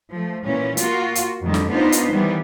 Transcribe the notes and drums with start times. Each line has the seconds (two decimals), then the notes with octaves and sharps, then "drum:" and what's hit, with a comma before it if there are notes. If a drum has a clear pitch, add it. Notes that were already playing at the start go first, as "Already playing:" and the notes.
0.10 F3 A3
0.46 A#2 E3 C#4
0.77 A#3 F4 F#4, drum: hi-hat
1.15 drum: hi-hat
1.42 F2 A2 D3 D#3 G3
1.54 drum: snare
1.72 B3 D4 D#4 F4 B4 C5
1.92 drum: hi-hat
2.12 D#3 E3 G3 B3